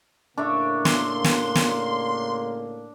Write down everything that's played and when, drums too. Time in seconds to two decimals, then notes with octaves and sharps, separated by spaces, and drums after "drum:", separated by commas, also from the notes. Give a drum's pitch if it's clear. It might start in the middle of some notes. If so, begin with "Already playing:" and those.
0.38 A2 C#3 A#3 D4 C#5 E5
0.85 C6, drum: snare
1.24 drum: snare
1.55 drum: snare